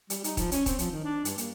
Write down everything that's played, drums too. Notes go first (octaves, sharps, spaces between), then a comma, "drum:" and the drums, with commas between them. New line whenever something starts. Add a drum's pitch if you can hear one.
G3, drum: hi-hat
D#4, drum: hi-hat
F3, drum: kick, hi-hat
C#4, drum: hi-hat
C4, drum: kick, hi-hat
F3, drum: hi-hat
D#3
D4
G2, drum: hi-hat
A#3, drum: hi-hat